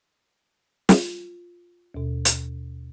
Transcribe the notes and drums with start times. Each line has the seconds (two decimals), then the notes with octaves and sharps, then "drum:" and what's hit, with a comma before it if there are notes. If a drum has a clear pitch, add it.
0.89 F4, drum: snare
1.94 D#2 B2
2.25 drum: hi-hat